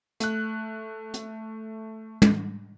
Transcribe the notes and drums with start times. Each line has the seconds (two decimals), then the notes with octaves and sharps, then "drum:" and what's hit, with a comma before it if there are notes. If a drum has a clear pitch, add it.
0.20 A3 F#6, drum: hi-hat
1.14 drum: hi-hat
2.22 drum: tom